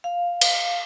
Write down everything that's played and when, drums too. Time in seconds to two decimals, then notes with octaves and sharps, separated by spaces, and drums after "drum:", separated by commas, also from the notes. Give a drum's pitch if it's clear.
0.04 F5
0.41 drum: cymbal